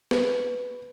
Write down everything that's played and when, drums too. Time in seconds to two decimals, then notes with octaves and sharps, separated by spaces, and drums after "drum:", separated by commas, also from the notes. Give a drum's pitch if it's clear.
0.11 B4, drum: snare